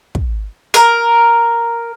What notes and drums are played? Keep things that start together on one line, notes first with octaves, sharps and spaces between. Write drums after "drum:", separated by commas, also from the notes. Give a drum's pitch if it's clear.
drum: kick
A#4, drum: hi-hat